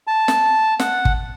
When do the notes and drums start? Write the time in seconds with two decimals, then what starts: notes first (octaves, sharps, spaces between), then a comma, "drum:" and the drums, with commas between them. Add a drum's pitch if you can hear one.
0.07 A5
0.28 drum: snare
0.79 F#5, drum: snare
1.05 drum: kick